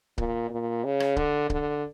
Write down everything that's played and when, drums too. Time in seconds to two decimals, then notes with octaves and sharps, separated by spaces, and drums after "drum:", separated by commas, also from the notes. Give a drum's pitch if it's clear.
0.18 A#2, drum: kick C#1
0.50 A#2
0.84 C#3
1.00 drum: rim click
1.16 D3, drum: kick C#1
1.50 D3, drum: kick C#1